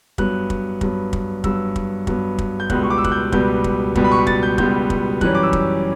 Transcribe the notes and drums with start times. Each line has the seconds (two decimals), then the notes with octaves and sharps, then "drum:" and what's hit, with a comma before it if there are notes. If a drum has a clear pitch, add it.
0.18 G2 F#3 B3 F#6, drum: kick
0.50 drum: kick
0.81 G2 F#3 B3, drum: kick
1.13 drum: kick
1.44 G2 F#3 B3 E6, drum: kick
1.76 drum: kick
2.07 G2 F#3 B3, drum: kick
2.39 drum: kick
2.60 G6
2.70 C#2 B2 G3 B3 F#6, drum: kick
2.83 C#6
2.90 D6
2.98 E6
3.04 F#6, drum: kick
3.12 G6
3.32 C#2 B2 G3 B3 G6, drum: kick
3.64 drum: kick
3.95 C#2 B2 G3 B3, drum: kick
4.04 B5
4.12 C#6
4.27 A6, drum: kick
4.43 G6
4.58 C#2 B2 G3 B3 G6, drum: kick
4.90 drum: kick
5.21 F#2 E3 G3 C#4 F#6, drum: kick
5.35 D6
5.43 E6
5.53 drum: kick